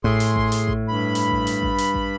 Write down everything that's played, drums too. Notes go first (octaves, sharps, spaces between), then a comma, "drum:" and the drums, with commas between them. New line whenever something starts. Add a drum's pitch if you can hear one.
A2 G#4 C6, drum: kick A1
drum: hi-hat
drum: kick A1
drum: hi-hat
drum: kick A1
G2 B5
drum: hi-hat
drum: kick A1
drum: hi-hat
drum: kick A1
drum: hi-hat
drum: kick A1